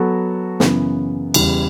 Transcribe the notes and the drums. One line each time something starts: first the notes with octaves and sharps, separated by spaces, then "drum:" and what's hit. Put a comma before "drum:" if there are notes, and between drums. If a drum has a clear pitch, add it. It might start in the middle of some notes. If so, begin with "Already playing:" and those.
Already playing: F#3 B3 F#4 A4
F#2 C#3 E3 B3, drum: snare
E2 C#3 E3 G3, drum: cymbal